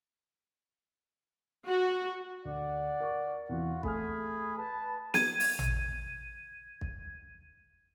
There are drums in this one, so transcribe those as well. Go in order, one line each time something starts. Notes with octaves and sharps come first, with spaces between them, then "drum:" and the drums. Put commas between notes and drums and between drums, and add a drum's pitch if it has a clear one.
F#4
D2 D5 F#5
A#4 C#6
E2 C3 E3 F4 F#4 F#5
A3 G#4 B5 F6, drum: kick
B4 A5
G#6 D#7, drum: snare
drum: open hi-hat
drum: tom A1
drum: kick